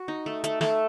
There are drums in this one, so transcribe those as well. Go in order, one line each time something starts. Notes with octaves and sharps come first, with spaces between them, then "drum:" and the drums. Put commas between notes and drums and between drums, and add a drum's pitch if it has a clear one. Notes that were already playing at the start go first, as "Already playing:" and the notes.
Already playing: F#4
D#4
A3
A3, drum: hi-hat
A3, drum: snare